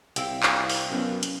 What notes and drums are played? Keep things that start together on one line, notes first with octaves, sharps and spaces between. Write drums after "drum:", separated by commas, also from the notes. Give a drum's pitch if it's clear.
C2 C4 E4 F5 G5, drum: hi-hat
drum: clap
drum: open hi-hat
F#2 B2
drum: hi-hat